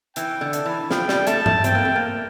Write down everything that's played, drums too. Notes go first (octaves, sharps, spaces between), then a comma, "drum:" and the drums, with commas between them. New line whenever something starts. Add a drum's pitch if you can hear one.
E3 G5, drum: hi-hat
D3
A5, drum: hi-hat
E3
F3 G5, drum: snare
G3, drum: snare
A3 A5, drum: hi-hat
A3, drum: tom G2
C4 G5, drum: hi-hat
A#3
A3
A#3